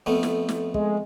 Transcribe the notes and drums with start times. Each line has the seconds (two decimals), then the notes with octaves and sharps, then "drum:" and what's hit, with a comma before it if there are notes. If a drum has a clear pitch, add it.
0.06 F2 A3 B3
0.23 drum: snare
0.49 drum: snare
0.74 G#3, drum: kick